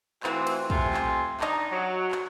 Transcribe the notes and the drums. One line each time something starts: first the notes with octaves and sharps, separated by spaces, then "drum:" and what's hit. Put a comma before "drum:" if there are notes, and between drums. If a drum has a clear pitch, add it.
E3 A3 C4 F4 F#4, drum: clap
drum: cymbal
C3 A3 F4 G#5, drum: kick
drum: clap
D4 D#4, drum: clap
F#3
drum: clap